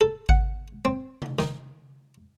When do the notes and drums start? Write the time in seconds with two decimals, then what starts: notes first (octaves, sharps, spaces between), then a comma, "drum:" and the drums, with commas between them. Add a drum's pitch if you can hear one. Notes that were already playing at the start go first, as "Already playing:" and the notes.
0.01 A4
0.29 F#5, drum: kick G#1
0.85 C4
1.22 drum: tom C3
1.39 D#3, drum: snare